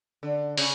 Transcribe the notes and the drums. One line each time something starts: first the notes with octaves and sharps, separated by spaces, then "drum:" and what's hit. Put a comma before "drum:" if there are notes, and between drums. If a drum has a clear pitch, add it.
D3
C#3, drum: open hi-hat